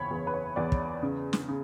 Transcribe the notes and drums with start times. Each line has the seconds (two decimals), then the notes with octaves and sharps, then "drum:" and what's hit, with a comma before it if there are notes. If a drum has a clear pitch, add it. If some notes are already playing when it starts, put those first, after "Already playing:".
Already playing: F#1 E2 C#5 B5
0.11 E2
0.27 B4
0.34 C#5
0.56 E2 D5
0.72 drum: kick
1.02 C#3
1.33 drum: snare
1.48 C#3